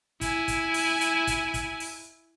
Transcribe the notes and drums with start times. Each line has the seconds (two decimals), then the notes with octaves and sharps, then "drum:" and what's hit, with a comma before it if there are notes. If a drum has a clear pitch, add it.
0.21 E4 G#5, drum: kick, hi-hat
0.48 drum: kick, hi-hat
0.74 drum: open hi-hat
1.01 drum: hi-hat
1.27 drum: kick, hi-hat
1.54 drum: kick, hi-hat
1.80 drum: open hi-hat